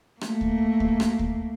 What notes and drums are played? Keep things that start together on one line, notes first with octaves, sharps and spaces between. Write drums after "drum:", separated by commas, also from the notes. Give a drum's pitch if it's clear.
A3 A#3, drum: rim click
drum: kick D2
drum: kick D2
drum: rim click
drum: kick D2